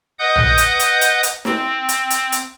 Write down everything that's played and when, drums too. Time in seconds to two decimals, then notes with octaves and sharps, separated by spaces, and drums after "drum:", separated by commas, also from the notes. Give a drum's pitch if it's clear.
0.19 B4 D#5 F#5 D#6 G6
0.36 drum: tom
0.58 drum: hi-hat
0.79 drum: hi-hat
1.01 drum: hi-hat
1.23 drum: hi-hat
1.45 C4, drum: snare
1.89 drum: hi-hat
2.10 drum: hi-hat
2.32 drum: hi-hat